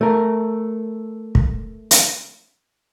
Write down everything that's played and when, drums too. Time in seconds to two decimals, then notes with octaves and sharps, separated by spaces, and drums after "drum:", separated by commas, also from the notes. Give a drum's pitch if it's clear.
0.01 A3 A#4
1.35 drum: kick
1.91 drum: hi-hat